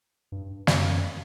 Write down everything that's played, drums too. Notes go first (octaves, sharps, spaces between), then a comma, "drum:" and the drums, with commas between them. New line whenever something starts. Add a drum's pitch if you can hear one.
G2
F#2, drum: snare